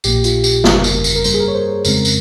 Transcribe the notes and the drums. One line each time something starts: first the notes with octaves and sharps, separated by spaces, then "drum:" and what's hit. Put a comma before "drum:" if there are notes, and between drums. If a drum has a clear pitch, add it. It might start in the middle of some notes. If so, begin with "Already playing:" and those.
A#1 A#2 F3 A#3 G4, drum: tambourine
F4, drum: tambourine
G4, drum: tambourine
G1 F2 C#3 G3 A#4, drum: snare
drum: tambourine
drum: tambourine
A#4
G2 G3 A#3 C5, drum: tambourine
G#4
A#4
C#5
C5
C5
F2 C#3 G#3 C4 A#4, drum: tambourine
drum: tambourine